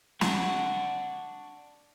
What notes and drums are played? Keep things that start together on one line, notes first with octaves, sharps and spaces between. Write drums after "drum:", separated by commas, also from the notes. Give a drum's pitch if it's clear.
D4 F#4, drum: snare